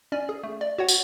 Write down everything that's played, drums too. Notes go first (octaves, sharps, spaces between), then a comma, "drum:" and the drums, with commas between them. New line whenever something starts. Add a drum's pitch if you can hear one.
C#4 D5 G#5
G#4
A3
D5
F#4 C#5 F#5
drum: tambourine